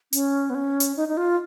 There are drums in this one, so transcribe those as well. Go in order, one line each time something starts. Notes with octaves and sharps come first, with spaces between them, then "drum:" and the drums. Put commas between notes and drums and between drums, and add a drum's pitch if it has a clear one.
C#4, drum: hi-hat
B3
C#4
drum: hi-hat
D#4
D#4
F4